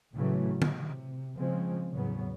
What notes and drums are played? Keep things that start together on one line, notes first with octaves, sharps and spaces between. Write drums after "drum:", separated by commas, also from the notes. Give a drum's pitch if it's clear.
A2 C#3 E3 F#3 A3
C3, drum: tom
C#3 F3 G#3 C4
E2 A2 C#3 F#3 B3